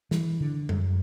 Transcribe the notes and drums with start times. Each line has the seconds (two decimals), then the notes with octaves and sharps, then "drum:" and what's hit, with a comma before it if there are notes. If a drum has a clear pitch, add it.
0.11 E3, drum: snare
0.41 D3
0.69 F#2, drum: tom G3